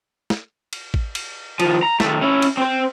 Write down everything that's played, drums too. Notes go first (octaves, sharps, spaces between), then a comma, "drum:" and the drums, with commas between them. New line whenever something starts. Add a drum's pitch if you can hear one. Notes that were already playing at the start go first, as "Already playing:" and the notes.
drum: snare
drum: cymbal
drum: kick A1
drum: cymbal
D#3 F3, drum: cymbal
A#5
D#3 A3, drum: snare
C#4 E4
drum: cymbal
C4 C5